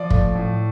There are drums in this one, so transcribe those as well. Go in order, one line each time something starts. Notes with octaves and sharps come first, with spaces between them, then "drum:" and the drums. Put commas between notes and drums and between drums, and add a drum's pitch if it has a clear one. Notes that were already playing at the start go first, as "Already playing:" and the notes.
Already playing: F3 D5
A3, drum: kick
A2